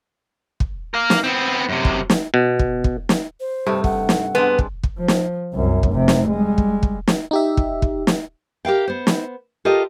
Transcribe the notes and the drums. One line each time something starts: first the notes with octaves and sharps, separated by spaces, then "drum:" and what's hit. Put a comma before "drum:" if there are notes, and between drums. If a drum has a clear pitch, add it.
drum: kick
A#4 F5
drum: snare
B3 C4
F#2 C3
drum: kick
drum: snare
B2
drum: kick
drum: kick
drum: snare
C5
G2 C3 A3 D#4
F#5, drum: kick
drum: snare
G#3 B3 C4 D4
drum: kick
drum: kick
F3
drum: snare
C2 F#2
drum: kick
F1 C3
drum: snare
G3 G#3
drum: kick
drum: kick
drum: snare
D#4 G4 E5
drum: kick
drum: kick
drum: snare
G4 A#4 F5 G5
B3 C5
drum: snare
F4 G4 A4 A#4 D#5